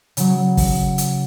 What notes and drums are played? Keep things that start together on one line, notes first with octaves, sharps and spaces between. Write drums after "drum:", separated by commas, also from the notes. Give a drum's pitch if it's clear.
C#3 F#3, drum: hi-hat
drum: kick, open hi-hat
drum: hi-hat